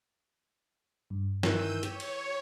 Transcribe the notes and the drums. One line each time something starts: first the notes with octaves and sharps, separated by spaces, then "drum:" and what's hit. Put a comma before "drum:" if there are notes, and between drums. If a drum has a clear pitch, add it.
G2
D#3 E3 E6 G6 D#7, drum: snare
G4 C#5, drum: hi-hat
drum: cymbal